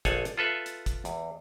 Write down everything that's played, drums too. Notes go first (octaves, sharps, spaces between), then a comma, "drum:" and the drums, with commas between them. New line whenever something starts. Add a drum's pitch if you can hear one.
A#1 A4 F5 F#5 G#5, drum: kick, hi-hat
drum: hi-hat
F4 A4 B4 E5
drum: hi-hat
drum: kick, hi-hat
E2, drum: hi-hat